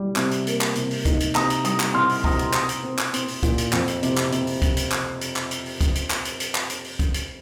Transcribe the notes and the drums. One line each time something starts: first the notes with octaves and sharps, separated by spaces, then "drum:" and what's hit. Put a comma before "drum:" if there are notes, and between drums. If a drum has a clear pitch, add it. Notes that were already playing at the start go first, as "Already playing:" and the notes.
Already playing: G3
C3, drum: clap
drum: hi-hat
A#3, drum: hi-hat
drum: clap
C3, drum: hi-hat
drum: open hi-hat
D#4, drum: kick, hi-hat
drum: hi-hat
C3 A#5 D#6, drum: clap
drum: hi-hat
G3 A#5 D#6, drum: hi-hat
drum: clap
C3 C6 F6
drum: open hi-hat
C3 A#5 D#6, drum: kick
drum: hi-hat
C4 A#5 D#6, drum: clap
drum: hi-hat
C4
drum: clap
C4, drum: hi-hat
drum: open hi-hat
A#2, drum: kick, hi-hat
drum: hi-hat
F2, drum: clap
drum: hi-hat
C3, drum: hi-hat
drum: clap
C3, drum: hi-hat
drum: open hi-hat
drum: kick, hi-hat
drum: hi-hat
drum: clap
drum: hi-hat
drum: clap
drum: hi-hat
drum: open hi-hat
drum: kick, hi-hat
drum: hi-hat
drum: clap
drum: hi-hat
drum: hi-hat
drum: clap
drum: hi-hat
drum: open hi-hat
drum: kick, hi-hat
drum: hi-hat